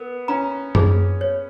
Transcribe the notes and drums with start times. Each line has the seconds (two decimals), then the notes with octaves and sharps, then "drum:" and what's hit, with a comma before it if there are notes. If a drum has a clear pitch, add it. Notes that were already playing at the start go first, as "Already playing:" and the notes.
Already playing: B3 A#4
0.28 C#4 A#5
0.75 G#4, drum: tom F#2
1.21 C#5